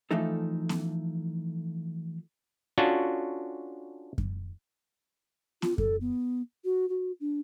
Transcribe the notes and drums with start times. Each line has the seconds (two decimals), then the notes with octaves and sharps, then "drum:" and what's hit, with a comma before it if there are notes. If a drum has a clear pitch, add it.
0.11 E3 F3 A3 D#4 A4
0.69 drum: snare B3
2.78 C#4 D4 F4 F#4 A4
4.18 drum: kick F#2
5.62 F4, drum: snare B3
5.78 A4, drum: kick F#2
6.01 B3
6.65 F#4
6.89 F#4
7.20 D4